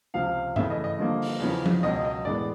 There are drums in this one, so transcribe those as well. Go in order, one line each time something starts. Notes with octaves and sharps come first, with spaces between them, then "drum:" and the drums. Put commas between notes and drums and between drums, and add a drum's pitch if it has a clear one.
C#2 C3 F3 F5
C#3 E3 A3 E5, drum: tom G2
D#5
D#5
G2 D3 F3 A#3
drum: open hi-hat
E2 C#3 F3
drum: tom F3
C#2 B2 F#3 D#5
D#5
A2 E3 G#3 B3 D5